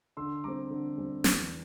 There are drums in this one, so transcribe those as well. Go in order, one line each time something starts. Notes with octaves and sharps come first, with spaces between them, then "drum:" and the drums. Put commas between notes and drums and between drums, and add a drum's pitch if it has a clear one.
D3 C6 E6
G3 C4 A#5 D6
D3
G3 C4
E2, drum: snare